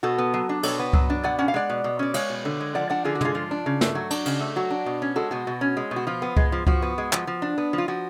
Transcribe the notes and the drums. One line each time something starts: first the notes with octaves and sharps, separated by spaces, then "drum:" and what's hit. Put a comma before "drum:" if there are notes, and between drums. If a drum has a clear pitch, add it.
B2 F#4 A4
B3
F#3
D4
B2 A4 C#5, drum: cymbal
B3
F#3, drum: kick C#2
D4
B2 D5 F#5
C#4 F#5
F5
G#3 D5 F#5
B2
B2
C#4 D5
G#3 C#5 F5, drum: cymbal
B2
D3
G#3
F3 D5 F#5
D4 D5 F#5
D3 F4 G#4
F#4
G#3 F4 G#4, drum: tom
F3 F4
D4
C#3
A3, drum: snare
F#3 F#4
D4, drum: cymbal
C#3, drum: cymbal
A3
F#3 F#4
D4
B2
C#4
G#3 F#4 A4
B2 F#4
B2
C#4
G#3
B2
F#4
F3 F4
B3
G#3, drum: kick C#2
F3
F3 F#4, drum: kick C#2
B3
G#3
F3, drum: clap
F3
D4
B3
F3
F4
F3 F#4